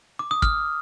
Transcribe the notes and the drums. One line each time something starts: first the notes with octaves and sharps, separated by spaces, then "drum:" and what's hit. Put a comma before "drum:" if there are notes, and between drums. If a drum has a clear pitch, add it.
D6
D#6
F6, drum: kick